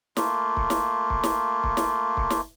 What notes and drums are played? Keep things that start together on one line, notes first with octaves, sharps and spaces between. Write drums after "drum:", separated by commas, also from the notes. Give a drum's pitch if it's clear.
A3 A#3 F4, drum: snare
drum: kick C#1
drum: snare
drum: kick C#1
drum: snare
drum: kick C#1
drum: snare
drum: kick C#1
drum: snare